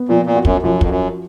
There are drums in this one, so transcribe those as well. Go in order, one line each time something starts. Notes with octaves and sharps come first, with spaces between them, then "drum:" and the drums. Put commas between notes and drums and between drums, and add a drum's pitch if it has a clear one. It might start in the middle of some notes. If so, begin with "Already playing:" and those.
Already playing: B3
A#2 F3
A#2
F#4
F#2, drum: kick
F#2 F3
F2, drum: kick
F#2 F#4